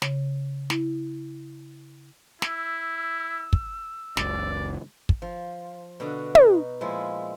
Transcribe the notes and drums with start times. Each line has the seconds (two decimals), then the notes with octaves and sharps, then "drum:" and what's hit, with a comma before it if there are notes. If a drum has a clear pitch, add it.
0.02 C#3, drum: snare
0.70 E4, drum: snare
2.42 E4 E6, drum: snare
3.53 drum: kick
4.17 F#1 C#2 D5, drum: snare
5.09 drum: kick
5.22 F3
6.00 B2 D3 F#4
6.35 D#4, drum: tom
6.81 A#2 F3 G#3 E4